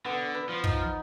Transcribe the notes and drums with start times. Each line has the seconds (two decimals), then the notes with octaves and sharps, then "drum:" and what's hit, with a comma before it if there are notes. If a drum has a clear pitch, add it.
0.05 D3 B3
0.35 B4
0.49 F3
0.64 D#4, drum: kick